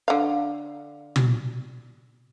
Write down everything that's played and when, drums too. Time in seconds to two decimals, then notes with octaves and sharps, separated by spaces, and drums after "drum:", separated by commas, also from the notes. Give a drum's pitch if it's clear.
0.08 D3 F5
1.16 drum: tom